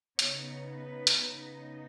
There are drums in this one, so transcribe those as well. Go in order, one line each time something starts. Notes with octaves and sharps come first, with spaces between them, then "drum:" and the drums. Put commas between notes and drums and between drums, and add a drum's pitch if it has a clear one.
C#3 B3 D#4 C#5, drum: hi-hat
B4
drum: hi-hat
C#3 B3 D#4